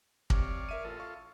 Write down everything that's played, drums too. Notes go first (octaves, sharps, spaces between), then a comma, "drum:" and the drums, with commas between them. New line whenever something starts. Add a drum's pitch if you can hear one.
C3 C#5 D5 F5, drum: kick
A#4 E5 D#7
A1 F4 A4
F5 C#6